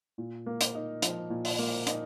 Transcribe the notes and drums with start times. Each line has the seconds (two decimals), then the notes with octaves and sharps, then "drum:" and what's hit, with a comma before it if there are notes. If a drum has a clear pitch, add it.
0.18 A#2
0.46 A#3
0.61 drum: hi-hat
0.75 D#4
1.02 F3, drum: hi-hat
1.30 A#2
1.45 drum: open hi-hat
1.59 A#3
1.87 D#4, drum: hi-hat